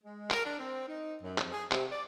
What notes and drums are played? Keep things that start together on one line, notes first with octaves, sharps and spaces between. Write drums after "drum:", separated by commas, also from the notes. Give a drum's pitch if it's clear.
G#3
A#4, drum: clap
D4
C4
D#4
F#2
F2, drum: clap
G#4
C3, drum: clap
D5